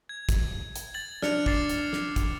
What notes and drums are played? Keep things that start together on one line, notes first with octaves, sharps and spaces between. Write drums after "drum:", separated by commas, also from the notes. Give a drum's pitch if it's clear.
G#6
drum: kick, hi-hat
drum: hi-hat
G#6 A6 F#7
D4 F6 C#7 F7, drum: snare
D6 A6 C7, drum: kick
drum: hi-hat
drum: snare
drum: kick, hi-hat